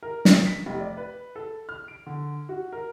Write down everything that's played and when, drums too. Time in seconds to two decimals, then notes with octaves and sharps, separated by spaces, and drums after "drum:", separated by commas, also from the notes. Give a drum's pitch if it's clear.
0.03 A#4
0.25 drum: snare
0.46 B6
0.66 F1
0.80 D5
0.97 B4
1.36 A4
1.69 F6
1.88 D7
2.06 D3
2.49 F#4
2.73 A#4